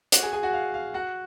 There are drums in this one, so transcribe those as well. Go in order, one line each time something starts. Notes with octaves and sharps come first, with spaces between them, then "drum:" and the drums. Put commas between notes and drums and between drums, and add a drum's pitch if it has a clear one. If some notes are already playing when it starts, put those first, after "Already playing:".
F#4 F#5, drum: hi-hat
G#4 G#5
G#4 G#5
F#4 F#5
F5
F5
F#4 F#5